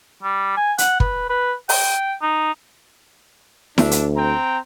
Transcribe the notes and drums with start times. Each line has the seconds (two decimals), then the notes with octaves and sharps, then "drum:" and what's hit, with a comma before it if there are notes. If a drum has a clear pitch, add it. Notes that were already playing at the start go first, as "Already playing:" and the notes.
0.23 G3
0.57 G#5
0.78 F#5, drum: hi-hat
1.00 B4, drum: kick
1.30 B4
1.69 G5, drum: open hi-hat
2.22 D#4
3.78 D2 D4 E5, drum: snare E4
3.91 drum: hi-hat
4.15 C4 G5 A#5